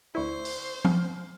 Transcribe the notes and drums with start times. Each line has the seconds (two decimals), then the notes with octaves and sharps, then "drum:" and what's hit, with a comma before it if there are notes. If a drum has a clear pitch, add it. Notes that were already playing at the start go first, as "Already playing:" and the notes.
0.15 D2 E4 C5 D5 C#6
0.45 drum: open hi-hat
0.85 F6, drum: tom